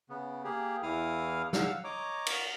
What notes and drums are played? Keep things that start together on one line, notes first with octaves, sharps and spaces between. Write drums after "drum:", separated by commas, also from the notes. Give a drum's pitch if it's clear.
C#3 B3
A#3 G4 G#4
E2 E3 E4 F5 D#6 F6
F5 F#5 E6 F6, drum: snare
C#5 D#5 A#5 D6
drum: cymbal